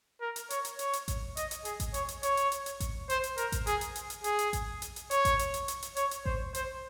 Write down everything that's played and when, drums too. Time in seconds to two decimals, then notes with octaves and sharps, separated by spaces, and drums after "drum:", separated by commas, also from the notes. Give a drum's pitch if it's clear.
0.21 A#4
0.36 drum: hi-hat
0.50 C#5, drum: hi-hat
0.65 drum: hi-hat
0.79 C#5, drum: hi-hat
0.93 drum: hi-hat
1.08 drum: kick A1, hi-hat
1.37 D#5, drum: hi-hat
1.51 drum: hi-hat
1.65 G#4, drum: hi-hat
1.80 drum: kick A1, hi-hat
1.94 C#5, drum: hi-hat
2.08 drum: hi-hat
2.23 C#5, drum: hi-hat
2.37 drum: hi-hat
2.52 drum: hi-hat
2.66 drum: hi-hat
2.80 drum: kick A1, hi-hat
3.10 C5, drum: hi-hat
3.24 drum: hi-hat
3.38 A#4, drum: hi-hat
3.52 drum: kick A1, hi-hat
3.67 G#4, drum: hi-hat
3.81 drum: hi-hat
3.95 drum: hi-hat
4.10 drum: hi-hat
4.24 G#4, drum: hi-hat
4.39 drum: hi-hat
4.53 drum: kick A1, hi-hat
4.82 drum: hi-hat
4.96 drum: hi-hat
5.11 C#5, drum: hi-hat
5.25 drum: kick A1, hi-hat
5.39 drum: hi-hat
5.54 drum: hi-hat
5.68 drum: hi-hat
5.82 drum: hi-hat
5.97 C#5, drum: hi-hat
6.11 drum: hi-hat
6.26 C5, drum: kick A1
6.55 C5, drum: hi-hat